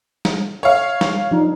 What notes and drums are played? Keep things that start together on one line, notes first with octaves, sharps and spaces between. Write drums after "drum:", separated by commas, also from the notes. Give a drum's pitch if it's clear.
drum: snare
C#5 F5
drum: snare
F3 D4 D#4